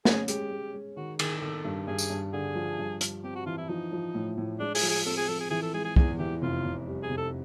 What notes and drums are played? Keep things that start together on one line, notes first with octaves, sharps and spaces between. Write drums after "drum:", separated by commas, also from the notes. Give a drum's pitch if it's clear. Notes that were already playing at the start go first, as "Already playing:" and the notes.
C#4 G#4, drum: snare
G#3 G4, drum: hi-hat
G#3
G#3
D#3 F#4
D#3 G#4, drum: cymbal
D#3 A4
G2
G2 G#4
drum: tambourine
G2
D3 G#4
F3
G2
G3, drum: hi-hat
C4 G4
F#4
E3 F4
E4
F3 D#4
F3
A2
A2
G#3 D4
G#4, drum: open hi-hat
F3
G#4
C4 A4
G#4
F3 A4
G#4
E3 G#4
A4
G#3 G#4
G#4
E2 G#4, drum: kick
E3 G4
F1 F4
F1
G3
G#4
F1
A4